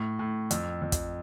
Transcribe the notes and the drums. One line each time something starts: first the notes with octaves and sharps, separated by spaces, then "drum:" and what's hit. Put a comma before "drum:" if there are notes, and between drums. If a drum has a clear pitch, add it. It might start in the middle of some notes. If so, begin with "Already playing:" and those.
Already playing: A2
A2
F2, drum: hi-hat
F2
drum: kick, hi-hat